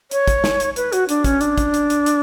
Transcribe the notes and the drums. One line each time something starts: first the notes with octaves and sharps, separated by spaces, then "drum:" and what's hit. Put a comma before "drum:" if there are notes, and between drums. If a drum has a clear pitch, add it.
C#5, drum: hi-hat
drum: kick, hi-hat
drum: snare
drum: hi-hat
B4, drum: hi-hat
F#4, drum: hi-hat
D4, drum: hi-hat
C#4, drum: kick, hi-hat
D4, drum: hi-hat
drum: kick, hi-hat
drum: hi-hat
drum: hi-hat
drum: hi-hat